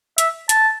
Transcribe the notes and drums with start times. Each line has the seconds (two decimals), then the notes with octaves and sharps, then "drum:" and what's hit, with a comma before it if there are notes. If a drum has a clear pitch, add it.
0.18 E5, drum: hi-hat
0.49 A5, drum: hi-hat